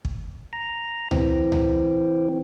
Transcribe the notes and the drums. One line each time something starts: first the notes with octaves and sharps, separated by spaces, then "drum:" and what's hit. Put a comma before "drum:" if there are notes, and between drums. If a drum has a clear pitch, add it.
drum: kick
A#5
E3 C4, drum: tom C#2
drum: tom C#2